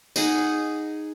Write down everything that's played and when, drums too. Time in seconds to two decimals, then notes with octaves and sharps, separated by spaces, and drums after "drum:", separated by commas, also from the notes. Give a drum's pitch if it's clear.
0.16 D#4 G#4 F#5, drum: tambourine